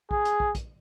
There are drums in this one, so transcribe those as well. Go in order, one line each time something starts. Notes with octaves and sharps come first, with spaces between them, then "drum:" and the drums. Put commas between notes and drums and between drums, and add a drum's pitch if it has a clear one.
G#4, drum: kick
drum: hi-hat
drum: kick
drum: kick, hi-hat